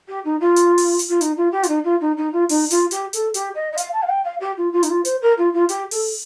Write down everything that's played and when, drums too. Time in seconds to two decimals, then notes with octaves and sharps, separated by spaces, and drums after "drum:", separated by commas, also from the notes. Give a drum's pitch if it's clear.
0.08 G4
0.25 D#4
0.40 F4
0.56 drum: hi-hat
0.78 drum: open hi-hat
0.99 drum: hi-hat
1.09 F4
1.21 D#4, drum: hi-hat
1.37 F4
1.52 G4
1.63 F4, drum: hi-hat
1.68 D#4
1.84 F4
2.01 D#4
2.17 D#4
2.33 F4
2.49 D#4, drum: open hi-hat
2.71 F4, drum: hi-hat
2.91 G4, drum: hi-hat
3.13 A4, drum: hi-hat
3.34 G4, drum: hi-hat
3.55 D#5
3.72 D#5
3.77 F5, drum: hi-hat
3.93 A5
4.02 F5
4.09 G5
4.24 F5
4.40 G4
4.57 F4
4.73 F4
4.83 D#4, drum: hi-hat
4.90 F4
5.05 C5, drum: hi-hat
5.22 A#4
5.38 F4
5.53 F4
5.69 G4, drum: hi-hat
5.91 A4, drum: open hi-hat